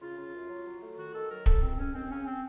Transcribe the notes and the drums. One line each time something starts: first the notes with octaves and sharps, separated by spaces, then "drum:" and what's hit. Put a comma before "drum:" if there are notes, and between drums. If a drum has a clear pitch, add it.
C#3 F4
C#3
F#2
F#3
F#3
A3
D#3 F#4
D#3 A4
F#3 A#4
C#2 A4, drum: kick
C#2 C4
C#2 C#4
D#2 C4
C#3 C#4
C4